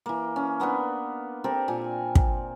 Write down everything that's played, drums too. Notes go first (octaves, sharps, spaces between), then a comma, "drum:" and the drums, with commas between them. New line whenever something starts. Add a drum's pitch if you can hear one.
E3 A#3
C#4
A#3 B3 D4 B4
C4 G4 A4 A#4
A#2 G#5
drum: kick